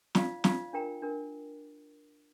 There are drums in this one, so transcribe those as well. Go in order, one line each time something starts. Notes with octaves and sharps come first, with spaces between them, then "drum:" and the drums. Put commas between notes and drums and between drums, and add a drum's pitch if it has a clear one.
F4 D5 F5, drum: snare
F4 D5 F5, drum: snare
D4 A#4 G5 A#5
D4 A#4